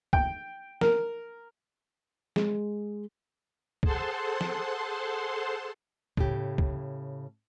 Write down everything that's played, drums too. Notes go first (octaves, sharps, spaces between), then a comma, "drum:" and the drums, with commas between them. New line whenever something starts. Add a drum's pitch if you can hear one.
G5, drum: kick
A#4, drum: snare
G#3, drum: snare
G#4 A4 C5 F#5 A5 C6, drum: kick
drum: snare
A2 C#3 G4, drum: kick
drum: kick